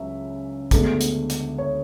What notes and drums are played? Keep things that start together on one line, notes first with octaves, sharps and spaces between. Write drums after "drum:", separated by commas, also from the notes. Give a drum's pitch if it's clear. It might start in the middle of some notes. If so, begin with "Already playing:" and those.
Already playing: C#2 C#3 F#3 E5
D2 D3 G#3 B3, drum: kick, hi-hat
drum: hi-hat
drum: hi-hat
C#5